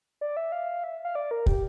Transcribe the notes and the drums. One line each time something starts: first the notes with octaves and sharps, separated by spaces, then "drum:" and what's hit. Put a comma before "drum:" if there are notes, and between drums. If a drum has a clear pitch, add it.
D5
E5
F5
E5
F5
D5
A#4
G4, drum: kick